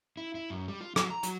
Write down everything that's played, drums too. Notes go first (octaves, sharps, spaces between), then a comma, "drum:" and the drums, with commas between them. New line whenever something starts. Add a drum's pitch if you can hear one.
E4
E4
F#2
G3
F4
F#3, drum: rim click
A#5
F#3, drum: hi-hat